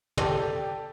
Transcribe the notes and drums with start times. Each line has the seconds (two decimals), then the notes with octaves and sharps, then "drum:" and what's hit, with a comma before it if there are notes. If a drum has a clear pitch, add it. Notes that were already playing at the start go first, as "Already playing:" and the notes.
0.17 G4 A4 D5, drum: tom